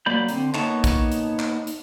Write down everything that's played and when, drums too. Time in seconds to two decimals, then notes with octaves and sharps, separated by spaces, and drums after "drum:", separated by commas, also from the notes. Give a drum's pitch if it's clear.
0.06 F#3 A#3 D5 B5 G6
0.28 D3 C4, drum: hi-hat
0.54 A#3 B3 D#4 C#5 A5, drum: clap
0.84 drum: kick A#1, hi-hat
1.12 drum: hi-hat
1.39 drum: clap
1.67 drum: hi-hat